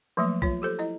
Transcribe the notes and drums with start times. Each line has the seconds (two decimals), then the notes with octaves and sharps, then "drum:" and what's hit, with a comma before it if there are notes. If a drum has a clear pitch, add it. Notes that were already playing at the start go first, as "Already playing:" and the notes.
0.17 F3 F#3 A3 A#3 E5
0.42 F4 C#5, drum: kick
0.62 G4 A4 C5
0.79 E4 D#5